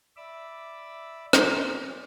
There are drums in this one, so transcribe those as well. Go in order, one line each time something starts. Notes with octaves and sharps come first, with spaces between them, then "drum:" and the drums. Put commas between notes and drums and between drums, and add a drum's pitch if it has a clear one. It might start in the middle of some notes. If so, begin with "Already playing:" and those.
D5 E5 B5 D6 E6
drum: rim click
D5